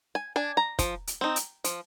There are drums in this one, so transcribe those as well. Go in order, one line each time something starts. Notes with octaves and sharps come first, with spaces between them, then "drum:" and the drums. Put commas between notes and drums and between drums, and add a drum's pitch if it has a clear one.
G#5
D4 G#5
A#5
F3, drum: kick, hi-hat
drum: hi-hat
C4 D#4
drum: hi-hat
F3, drum: hi-hat